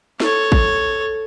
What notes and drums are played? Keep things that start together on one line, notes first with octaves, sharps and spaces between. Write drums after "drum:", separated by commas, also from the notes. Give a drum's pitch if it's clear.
A4 C#5, drum: snare
drum: kick